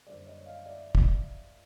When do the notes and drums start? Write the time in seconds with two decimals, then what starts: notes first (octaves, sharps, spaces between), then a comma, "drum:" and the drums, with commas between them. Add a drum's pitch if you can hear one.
0.07 F#2 D3 G3 A#3 C5 D5
0.26 C#5 D#5
0.46 D#5 F5
0.65 D5 E5
0.95 drum: kick